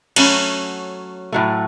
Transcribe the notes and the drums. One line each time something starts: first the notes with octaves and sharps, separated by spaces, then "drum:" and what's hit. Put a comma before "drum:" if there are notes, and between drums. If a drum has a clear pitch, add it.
F#3 A3 C#4, drum: cymbal
A2 F#3 A3